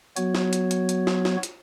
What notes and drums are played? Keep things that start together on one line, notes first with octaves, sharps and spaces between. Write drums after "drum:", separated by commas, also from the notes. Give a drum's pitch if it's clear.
F#3 B3 F#4 C#5, drum: hi-hat
drum: snare
drum: hi-hat
drum: hi-hat
drum: hi-hat
drum: snare
drum: snare
drum: hi-hat